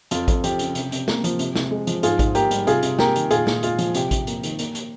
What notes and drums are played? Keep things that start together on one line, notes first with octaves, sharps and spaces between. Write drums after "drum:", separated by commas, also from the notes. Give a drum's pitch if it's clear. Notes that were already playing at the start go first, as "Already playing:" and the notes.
F2 F4, drum: hi-hat
F2, drum: kick A1, hi-hat
F3 G4, drum: hi-hat
C#3, drum: hi-hat
C3, drum: hi-hat
C3, drum: hi-hat
A#3, drum: snare
F3, drum: hi-hat
C3, drum: hi-hat
C3, drum: snare
G#3
F3, drum: hi-hat
G#2 F4 G#4, drum: hi-hat
G#2, drum: kick A1, hi-hat
A#3 G4 A#4, drum: hi-hat
G3, drum: hi-hat
C3 F4 G#4, drum: hi-hat
C3, drum: hi-hat
A#3 G4 A#4, drum: snare
D#3, drum: hi-hat
A#2 F4 G#4, drum: hi-hat
A#2, drum: snare
G#3 F4, drum: hi-hat
F3, drum: hi-hat
C3 G4, drum: hi-hat
C3, drum: kick A1, hi-hat
A#3, drum: hi-hat
D#3, drum: hi-hat
A#3, drum: hi-hat
drum: hi-hat